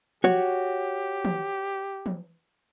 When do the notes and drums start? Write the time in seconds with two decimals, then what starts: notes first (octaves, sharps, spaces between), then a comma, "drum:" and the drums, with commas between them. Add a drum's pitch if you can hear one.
0.24 F#4 G4 C#5, drum: tom E3
1.25 drum: tom
2.06 drum: tom E3